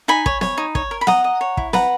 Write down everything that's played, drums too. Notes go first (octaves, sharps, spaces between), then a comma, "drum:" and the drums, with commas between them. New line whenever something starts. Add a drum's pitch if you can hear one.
D#4 G#5 B5
C#5, drum: kick
C#5, drum: snare
D#4
C#5, drum: kick
A#4
B5
D#5 F#5 A#5, drum: snare
D#5
C#5
E4, drum: kick
B4 F#5 A#5, drum: snare